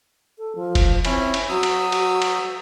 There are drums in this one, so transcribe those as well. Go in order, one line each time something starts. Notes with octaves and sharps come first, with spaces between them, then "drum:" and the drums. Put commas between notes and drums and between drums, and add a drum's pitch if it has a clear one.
A4
F3
drum: kick F#1, cymbal
C4 C#4 E4, drum: cymbal
drum: cymbal
F#3 F#4 D#6 E6
drum: cymbal
drum: cymbal
drum: cymbal